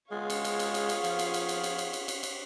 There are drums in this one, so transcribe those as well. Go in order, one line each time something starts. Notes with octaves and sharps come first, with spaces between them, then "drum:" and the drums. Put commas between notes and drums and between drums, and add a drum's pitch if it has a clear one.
G#3 B3 F4 G#4 C#5 F5
drum: cymbal
drum: cymbal
drum: cymbal
drum: cymbal
drum: cymbal
F3, drum: cymbal
drum: cymbal
drum: cymbal
drum: cymbal
drum: cymbal
drum: cymbal
drum: cymbal
drum: cymbal
drum: cymbal